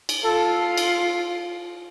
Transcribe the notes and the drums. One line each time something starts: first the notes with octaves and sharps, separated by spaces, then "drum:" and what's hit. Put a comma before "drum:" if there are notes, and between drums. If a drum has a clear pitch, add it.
drum: cymbal
F4 A4
drum: cymbal